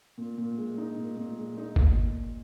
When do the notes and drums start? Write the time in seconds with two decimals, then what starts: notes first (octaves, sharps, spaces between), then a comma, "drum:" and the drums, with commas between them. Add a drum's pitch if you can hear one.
0.18 A#2
0.38 A#2
0.58 G#3
0.77 D#4
0.97 A#2
1.17 A#2
1.37 G#3
1.57 D#4
1.76 A#2, drum: kick G1